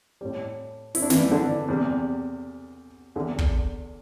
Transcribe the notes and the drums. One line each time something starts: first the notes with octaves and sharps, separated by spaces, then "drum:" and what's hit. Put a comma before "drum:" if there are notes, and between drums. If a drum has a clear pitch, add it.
A2 G3
E4, drum: open hi-hat
D4
E3 E4, drum: snare
D3 D4
E2 C3 G3
E2 D3 G3
drum: kick